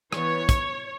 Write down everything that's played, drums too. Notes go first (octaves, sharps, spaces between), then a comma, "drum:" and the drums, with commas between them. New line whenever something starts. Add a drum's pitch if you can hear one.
E3 B3 C#5, drum: rim click
drum: kick, hi-hat